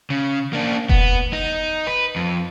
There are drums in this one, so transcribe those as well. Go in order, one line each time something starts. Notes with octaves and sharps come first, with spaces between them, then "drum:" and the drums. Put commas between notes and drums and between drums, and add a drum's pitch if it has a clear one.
C#3
A#3 D4
B3, drum: kick F1
D#4
B4
F2